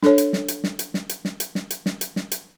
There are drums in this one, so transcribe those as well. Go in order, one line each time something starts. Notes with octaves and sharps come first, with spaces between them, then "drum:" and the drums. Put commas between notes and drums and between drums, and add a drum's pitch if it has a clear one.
D4 A4 C#5, drum: snare
drum: hi-hat
drum: snare
drum: hi-hat
drum: snare
drum: hi-hat
drum: snare
drum: hi-hat
drum: snare
drum: hi-hat
drum: snare
drum: hi-hat
drum: snare
drum: hi-hat
drum: snare
drum: hi-hat